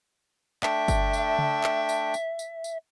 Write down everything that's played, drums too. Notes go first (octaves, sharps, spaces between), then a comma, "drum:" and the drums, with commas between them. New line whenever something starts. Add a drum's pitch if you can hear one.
A3 D4 E5 G5, drum: clap
drum: kick G1, tambourine
drum: tambourine
drum: tom C#3
drum: clap
drum: tambourine
drum: tambourine
drum: tambourine
drum: tambourine